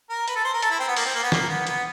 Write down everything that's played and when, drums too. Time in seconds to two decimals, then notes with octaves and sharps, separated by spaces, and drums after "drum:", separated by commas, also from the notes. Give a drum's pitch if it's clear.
0.10 A#4
0.28 B4, drum: hi-hat
0.36 A4
0.45 C5
0.53 A#4
0.62 A4, drum: hi-hat
0.70 E4
0.80 C4
0.88 B3
0.96 A#3, drum: open hi-hat
1.06 C4
1.14 A#3
1.23 B3
1.32 A#3, drum: snare
1.49 B3
1.67 B3, drum: hi-hat